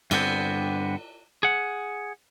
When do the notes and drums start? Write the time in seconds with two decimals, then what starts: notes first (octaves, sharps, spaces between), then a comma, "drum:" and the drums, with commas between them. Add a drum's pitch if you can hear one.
0.11 G2 D3 B3 C4, drum: cymbal
1.43 G#4 F#5